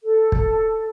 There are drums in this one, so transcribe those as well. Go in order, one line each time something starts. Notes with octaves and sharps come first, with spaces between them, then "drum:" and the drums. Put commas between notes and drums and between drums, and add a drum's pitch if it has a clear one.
A4
drum: kick